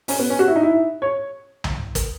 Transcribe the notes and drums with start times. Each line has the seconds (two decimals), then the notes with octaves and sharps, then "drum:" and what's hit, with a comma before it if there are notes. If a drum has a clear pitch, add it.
0.08 C#4, drum: open hi-hat
0.19 B3
0.30 C#4
0.39 F#4
0.48 E4
0.56 D#4
0.63 E4
1.02 C#5
1.64 drum: tom C2
1.95 drum: kick, hi-hat